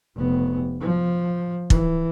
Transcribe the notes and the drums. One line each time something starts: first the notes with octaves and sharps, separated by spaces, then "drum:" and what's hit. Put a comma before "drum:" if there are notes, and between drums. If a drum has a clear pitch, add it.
F1 B3
F3
E3, drum: kick